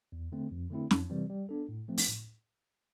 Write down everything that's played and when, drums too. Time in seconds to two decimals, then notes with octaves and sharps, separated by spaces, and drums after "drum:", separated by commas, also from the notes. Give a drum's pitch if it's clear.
0.12 E2
0.32 D3 A3 C4
0.51 F2
0.70 D3 A3 C4 E4
0.91 F2, drum: snare
1.10 C3 E3 G3 C4
1.30 G3
1.49 B3 D4 A4
1.69 A2
1.88 F3 A3 C4
1.98 drum: open hi-hat
2.08 A2